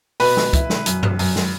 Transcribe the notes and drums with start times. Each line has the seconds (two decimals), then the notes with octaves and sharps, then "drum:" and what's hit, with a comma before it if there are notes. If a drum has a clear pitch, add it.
0.20 B2 B4, drum: open hi-hat
0.37 drum: snare
0.53 E4, drum: kick, hi-hat
0.70 drum: snare
0.86 F#2, drum: hi-hat
1.03 drum: tom F#2
1.19 F#2, drum: open hi-hat
1.36 drum: snare